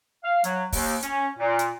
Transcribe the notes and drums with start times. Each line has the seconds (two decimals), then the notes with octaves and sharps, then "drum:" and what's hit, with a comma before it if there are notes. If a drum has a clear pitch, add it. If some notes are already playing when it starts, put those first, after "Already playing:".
0.24 F5
0.44 F#3, drum: hi-hat
0.72 D#2, drum: kick, open hi-hat
1.02 C#4, drum: hi-hat
1.39 A#2
1.59 drum: hi-hat